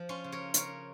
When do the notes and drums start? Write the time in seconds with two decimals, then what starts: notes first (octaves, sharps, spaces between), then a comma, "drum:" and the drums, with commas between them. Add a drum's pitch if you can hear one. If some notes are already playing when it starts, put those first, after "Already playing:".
Already playing: F3
0.09 C#4 F4
0.24 C#3
0.32 A#4 C#5
0.54 C#3 A#4 C#5, drum: hi-hat